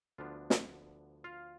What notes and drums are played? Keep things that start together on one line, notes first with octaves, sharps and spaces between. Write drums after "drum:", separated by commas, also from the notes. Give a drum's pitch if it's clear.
D2 D3 F3 B3 D4 F4
drum: snare
F4 F5